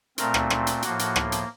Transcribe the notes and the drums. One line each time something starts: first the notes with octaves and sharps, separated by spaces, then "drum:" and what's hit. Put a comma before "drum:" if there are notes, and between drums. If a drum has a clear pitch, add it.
A#2 A3 C4 A#4, drum: hi-hat
drum: rim click
drum: rim click
drum: hi-hat
A2 F3 A#3 F#4, drum: hi-hat
drum: hi-hat
drum: rim click
drum: hi-hat